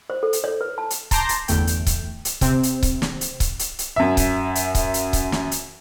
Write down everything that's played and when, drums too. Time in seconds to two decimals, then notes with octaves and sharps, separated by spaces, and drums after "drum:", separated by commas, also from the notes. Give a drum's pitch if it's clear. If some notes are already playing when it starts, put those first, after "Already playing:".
0.10 C5
0.23 A4
0.33 drum: hi-hat
0.44 C#5
0.61 B4
0.78 A5
0.90 drum: hi-hat
1.11 A5 A#5 C6 D6 G6 A#6, drum: kick C#1, hi-hat
1.29 drum: hi-hat
1.48 G1 E2 A3 G5, drum: hi-hat
1.67 drum: hi-hat
1.86 drum: kick C#1, hi-hat
2.25 drum: hi-hat
2.41 C3 C4, drum: kick C#1, hi-hat
2.63 drum: hi-hat
2.83 drum: kick C#1, hi-hat
3.02 drum: snare
3.21 drum: hi-hat
3.40 drum: kick C#1, hi-hat
3.59 drum: hi-hat
3.79 drum: hi-hat
3.96 F#2 E5
4.17 drum: kick C#1, hi-hat
4.55 drum: hi-hat
4.75 drum: kick C#1, hi-hat
4.94 drum: hi-hat
5.13 drum: kick C#1, hi-hat
5.32 drum: snare
5.51 drum: hi-hat